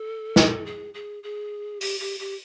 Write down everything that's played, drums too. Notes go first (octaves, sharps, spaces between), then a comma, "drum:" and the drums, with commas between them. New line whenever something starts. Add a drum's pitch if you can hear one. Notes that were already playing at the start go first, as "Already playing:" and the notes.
Already playing: A4
drum: snare
G#4
G#4
G#4
G4, drum: open hi-hat
G4
G4